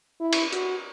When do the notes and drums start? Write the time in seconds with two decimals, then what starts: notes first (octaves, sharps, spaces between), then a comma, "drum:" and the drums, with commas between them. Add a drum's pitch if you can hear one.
0.20 E4
0.33 drum: cymbal
0.53 F#4, drum: hi-hat